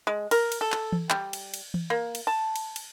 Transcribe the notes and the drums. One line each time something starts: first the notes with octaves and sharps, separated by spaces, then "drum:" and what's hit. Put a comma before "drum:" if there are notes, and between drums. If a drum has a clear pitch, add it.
G#3
A#4, drum: cymbal
drum: cymbal
A4
drum: clap
drum: tom E3
G3, drum: clap
drum: cymbal
drum: cymbal
drum: tom E3
A#3
drum: cymbal
A5
drum: cymbal
drum: cymbal